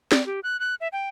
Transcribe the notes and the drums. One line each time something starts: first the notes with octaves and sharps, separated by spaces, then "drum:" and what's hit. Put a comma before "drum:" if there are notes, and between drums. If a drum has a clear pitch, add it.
D5, drum: snare C4
G4
F#6
F#6
E5
G5